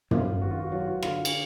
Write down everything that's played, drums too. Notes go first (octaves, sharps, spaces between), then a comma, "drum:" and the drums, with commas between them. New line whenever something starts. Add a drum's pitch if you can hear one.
F#2 F4, drum: tom
G#1 F#4
F4
F#4
F#3 F4
F#4
F4
D3 F4, drum: rim click
drum: cymbal